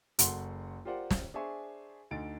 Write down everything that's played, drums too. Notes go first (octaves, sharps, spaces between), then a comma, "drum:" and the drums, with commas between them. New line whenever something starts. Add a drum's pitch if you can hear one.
F#1 F#4 A4 F#5 C6, drum: hi-hat
F4 G4 A#4 C5 D5 F#5
drum: snare
D4 G#4 C5 E5 G#5 C#6
D2 D3 D#4 A6 D7